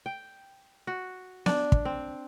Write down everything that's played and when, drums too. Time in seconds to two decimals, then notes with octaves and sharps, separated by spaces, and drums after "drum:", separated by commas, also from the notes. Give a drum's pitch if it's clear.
0.06 G5
0.87 F#4
1.46 D4, drum: snare B3
1.72 drum: kick
1.85 C4